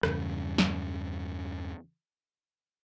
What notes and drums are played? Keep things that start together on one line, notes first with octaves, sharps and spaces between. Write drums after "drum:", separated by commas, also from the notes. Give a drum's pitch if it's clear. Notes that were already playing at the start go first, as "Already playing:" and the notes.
E2 G2 C#3, drum: rim click
drum: snare